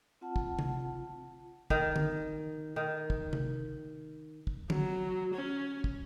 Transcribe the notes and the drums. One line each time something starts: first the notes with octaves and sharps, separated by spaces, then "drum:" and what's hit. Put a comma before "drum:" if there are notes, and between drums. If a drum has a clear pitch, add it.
C4 F4 F#5 A5
drum: kick
drum: tom C3
D#3, drum: kick
drum: tom D3
D#3
drum: kick
drum: tom C3
drum: kick
F#3, drum: tom D3
C#4
drum: kick